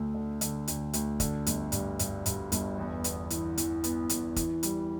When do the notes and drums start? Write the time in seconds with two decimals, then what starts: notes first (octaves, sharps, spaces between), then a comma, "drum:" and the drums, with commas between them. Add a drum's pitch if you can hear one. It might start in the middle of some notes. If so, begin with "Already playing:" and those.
Already playing: D2 A3
0.14 D3
0.41 D3, drum: hi-hat
0.67 D2, drum: hi-hat
0.93 D2, drum: hi-hat
1.20 D3, drum: kick, hi-hat
1.46 G1, drum: hi-hat
1.72 G2, drum: hi-hat
1.99 G2, drum: hi-hat
2.26 G2, drum: hi-hat
2.52 G1, drum: hi-hat
2.78 E2
3.04 B3, drum: hi-hat
3.30 E3, drum: hi-hat
3.57 E3, drum: hi-hat
3.84 B3, drum: hi-hat
4.09 E2, drum: hi-hat
4.36 E3, drum: kick, hi-hat
4.63 G3, drum: hi-hat